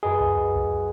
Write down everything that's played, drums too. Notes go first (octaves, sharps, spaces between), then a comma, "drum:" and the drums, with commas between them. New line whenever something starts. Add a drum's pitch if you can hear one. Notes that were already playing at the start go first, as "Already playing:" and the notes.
F#2 G#4 B4 D#5
drum: kick C2
drum: kick C2